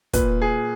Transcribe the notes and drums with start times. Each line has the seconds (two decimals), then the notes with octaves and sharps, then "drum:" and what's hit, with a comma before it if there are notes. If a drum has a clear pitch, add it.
0.13 A#2 B4, drum: kick, hi-hat
0.42 G#4